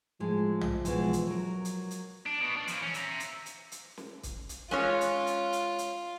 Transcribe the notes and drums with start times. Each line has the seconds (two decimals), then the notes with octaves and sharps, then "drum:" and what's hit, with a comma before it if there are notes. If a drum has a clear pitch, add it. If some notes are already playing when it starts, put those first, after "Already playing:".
0.20 A2 F3 G#3
0.61 drum: tom
0.85 B2 E3 G#3, drum: hi-hat
1.13 drum: hi-hat
1.27 F#3 A#4
1.65 drum: hi-hat
1.91 drum: hi-hat
2.26 D4
2.41 B2
2.56 D4
2.67 E3 F3, drum: hi-hat
2.82 C#4
2.94 E5 A#5, drum: hi-hat
3.20 drum: hi-hat
3.46 drum: hi-hat
3.72 drum: hi-hat
3.97 drum: snare
4.23 drum: kick C#1, hi-hat
4.49 drum: hi-hat
4.71 G#3 C#4 F4 C#5
5.01 drum: hi-hat
5.27 drum: hi-hat
5.53 drum: hi-hat
5.78 drum: hi-hat